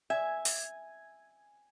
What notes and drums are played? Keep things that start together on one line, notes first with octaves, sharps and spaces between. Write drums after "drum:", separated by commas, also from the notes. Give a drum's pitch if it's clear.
E5 G#5
drum: open hi-hat